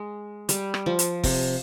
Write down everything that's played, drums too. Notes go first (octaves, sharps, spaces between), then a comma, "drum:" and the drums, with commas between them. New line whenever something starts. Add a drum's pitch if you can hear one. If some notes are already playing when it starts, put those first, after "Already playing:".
Already playing: G#3
G3, drum: hi-hat
drum: rim click
F3
drum: hi-hat
C3, drum: kick, open hi-hat